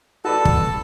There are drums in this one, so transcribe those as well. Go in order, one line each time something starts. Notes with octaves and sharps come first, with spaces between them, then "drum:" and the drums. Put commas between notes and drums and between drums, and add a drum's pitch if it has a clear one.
F#4 A4 B4 D5 A5
drum: kick